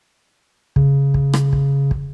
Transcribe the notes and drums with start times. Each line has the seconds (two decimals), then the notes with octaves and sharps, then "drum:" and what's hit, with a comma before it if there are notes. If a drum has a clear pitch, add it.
0.76 C#3, drum: kick
1.14 drum: kick
1.33 drum: rim click
1.53 drum: kick
1.91 drum: kick